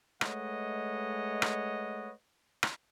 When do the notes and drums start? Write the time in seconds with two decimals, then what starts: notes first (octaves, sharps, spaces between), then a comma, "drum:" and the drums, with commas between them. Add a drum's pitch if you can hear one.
0.21 G#3 A3 B4 C#5 D#5 F#5, drum: rim click
1.42 drum: rim click
2.63 drum: rim click